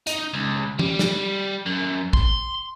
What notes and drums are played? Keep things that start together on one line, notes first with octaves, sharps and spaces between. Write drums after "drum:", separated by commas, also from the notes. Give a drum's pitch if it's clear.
D#4, drum: hi-hat
C#2
G3, drum: tom
drum: snare
F#2
C6, drum: kick